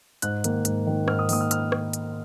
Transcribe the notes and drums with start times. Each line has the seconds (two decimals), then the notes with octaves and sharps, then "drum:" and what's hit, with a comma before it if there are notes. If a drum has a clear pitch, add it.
0.22 G#2 F#6, drum: hi-hat
0.44 D#3 A#3, drum: hi-hat
0.65 G#2, drum: hi-hat
0.87 D#3 A#3
1.08 G#2 F6, drum: rim click
1.19 D#6
1.29 D#3 A#3 D#6, drum: open hi-hat
1.40 F6
1.51 F6, drum: hi-hat
1.72 drum: rim click
1.93 drum: hi-hat